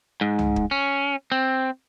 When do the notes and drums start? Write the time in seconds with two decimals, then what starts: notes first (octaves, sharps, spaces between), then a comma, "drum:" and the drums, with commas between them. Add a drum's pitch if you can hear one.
0.21 G#2
0.39 drum: tom C2
0.56 drum: kick
0.71 C#4
1.32 C4